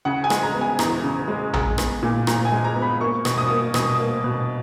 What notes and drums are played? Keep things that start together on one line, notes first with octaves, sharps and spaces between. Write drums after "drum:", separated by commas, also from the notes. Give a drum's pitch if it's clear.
C#3 F#5
G#5
G#3, drum: rim click
A#5
B3
G#5
E2 A#5, drum: rim click
C#3
G#3
G#3 A#5, drum: tom A#1
B3, drum: rim click
A#2
A#2 A#5, drum: rim click
G#5
G#3
A#5
B3
B5
A#3 C#6
B2, drum: rim click
D#6
A#3
B2 D#6, drum: rim click
A#3
B2